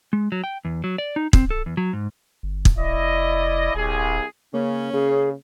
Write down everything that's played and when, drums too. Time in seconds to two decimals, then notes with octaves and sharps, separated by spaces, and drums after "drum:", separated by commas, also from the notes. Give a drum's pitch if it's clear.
0.13 G#3
0.32 F#3
0.44 G5
0.65 E2
0.84 F#3
0.98 D5
1.16 D#4
1.33 C4, drum: kick
1.50 A4
1.66 E2
1.77 F#3
1.93 G#2
2.43 G1
2.65 drum: kick
2.77 F1 E4 D5 D#5
3.75 D#1 C2 G#4
4.54 C#3 A#3 C#4
4.93 C#3 G#4